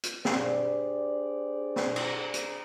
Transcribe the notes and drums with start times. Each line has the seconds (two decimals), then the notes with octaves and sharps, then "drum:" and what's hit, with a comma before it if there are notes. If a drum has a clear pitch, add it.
0.03 drum: hi-hat
0.25 D4 G4 G#4 C5 D5, drum: snare
1.76 drum: snare
1.96 drum: cymbal
2.34 drum: hi-hat